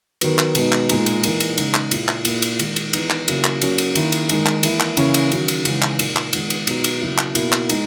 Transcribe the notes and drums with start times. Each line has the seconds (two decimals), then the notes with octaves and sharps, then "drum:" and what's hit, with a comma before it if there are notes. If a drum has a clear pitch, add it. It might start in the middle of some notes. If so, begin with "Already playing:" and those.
0.21 D#3 F#3 B3, drum: cymbal
0.38 drum: clap
0.55 B2 G#3 B3 D#4, drum: cymbal
0.72 drum: clap
0.89 A#2 G#3 D#4, drum: cymbal
1.06 drum: cymbal
1.24 E3 A#3 D#4, drum: cymbal
1.40 drum: cymbal
1.58 C#3 G#3 D#4, drum: cymbal
1.74 drum: clap
1.91 A#2 A#3 E4, drum: cymbal
2.08 drum: clap
2.25 A#2 A#3 E4, drum: cymbal
2.42 drum: cymbal
2.59 D#3 G#3 D#4, drum: cymbal
2.76 drum: cymbal
2.93 E3 B3 D#4, drum: cymbal
3.10 drum: clap
3.28 C#3 F#3 A#3 E4, drum: cymbal
3.44 drum: clap
3.62 F#3 A#3 C#4, drum: cymbal
3.78 drum: cymbal
3.95 D#3 A#3 E4, drum: cymbal
4.12 drum: cymbal
4.29 D#3 G#3 D#4, drum: cymbal
4.46 drum: clap
4.63 E3 A#3 E4, drum: cymbal
4.80 drum: clap
4.97 C#3 E3 A#3 C#4 E4, drum: cymbal
5.14 drum: cymbal
5.32 D#3 F#3 C#4, drum: cymbal
5.48 drum: cymbal
5.65 C#3 E3 G#3 D#4, drum: cymbal
5.82 drum: clap
5.99 A#2 A#3 D#4, drum: cymbal
6.16 drum: clap
6.33 D#3 G#3 B3, drum: cymbal
6.50 drum: cymbal
6.67 B2 F#3 B3 D#4, drum: cymbal
6.84 drum: cymbal
7.01 C#3 F#3 A#3 E4
7.18 drum: clap
7.35 B2 A#3 E4, drum: cymbal
7.52 drum: clap
7.69 G#3 D#4, drum: cymbal